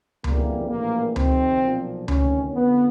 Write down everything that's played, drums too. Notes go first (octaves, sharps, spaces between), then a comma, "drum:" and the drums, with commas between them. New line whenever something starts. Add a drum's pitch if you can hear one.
G1 F2 C#3 E3 G3 A#3, drum: tom C#2
A#1 A2 E3 G3 A#3
F2 C3 D#3 C4, drum: tom C#2
B1 A#2 F3
D2 C3 D#3 C#4, drum: tom C#2
F2 D3 F3 B3